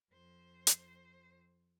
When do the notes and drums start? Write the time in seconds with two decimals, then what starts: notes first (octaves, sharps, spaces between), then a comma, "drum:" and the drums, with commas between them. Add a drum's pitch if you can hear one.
0.12 F2 C5
0.67 drum: hi-hat